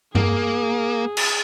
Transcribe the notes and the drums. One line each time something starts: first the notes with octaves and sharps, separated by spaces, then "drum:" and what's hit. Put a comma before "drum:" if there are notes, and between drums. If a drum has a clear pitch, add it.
A#3 G#4, drum: tom G2
drum: cymbal